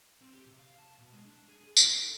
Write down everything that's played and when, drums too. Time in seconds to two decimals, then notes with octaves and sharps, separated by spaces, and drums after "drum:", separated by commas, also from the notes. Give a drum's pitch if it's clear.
0.21 C4
0.33 G4
0.46 C3
0.59 F5
0.79 A5
0.98 B2
1.13 G#3
1.25 D4
1.48 G#4
1.64 G#4
1.77 E4, drum: tambourine
2.02 A4